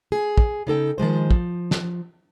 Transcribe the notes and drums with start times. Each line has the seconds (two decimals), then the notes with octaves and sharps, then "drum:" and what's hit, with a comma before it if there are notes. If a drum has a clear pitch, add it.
0.12 G#4
0.38 drum: kick
0.67 C#3 D#4 A4 G5
0.98 D#3 F3 G#3 C5
1.31 F3, drum: kick
1.71 drum: snare